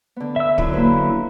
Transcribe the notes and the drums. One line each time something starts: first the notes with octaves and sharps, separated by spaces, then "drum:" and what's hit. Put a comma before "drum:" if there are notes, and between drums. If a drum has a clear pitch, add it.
D3 B3
E5 E6
D3 F#3 E4, drum: kick
A#3 B4